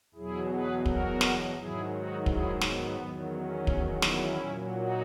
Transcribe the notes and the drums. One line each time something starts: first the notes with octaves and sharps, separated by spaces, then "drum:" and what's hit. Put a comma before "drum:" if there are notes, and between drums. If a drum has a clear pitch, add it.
E2 B2 F#3 E4 G#4
G#4 B4
F#4 A#4, drum: kick
drum: snare
G#2 D#3 F#3 E4 G#4
D#4 F#4
E4 G#4, drum: kick
B3, drum: snare
E2 D#3 F#3
C#4
drum: kick
C#4 E4, drum: snare
A#2 F#3
D#4 F#4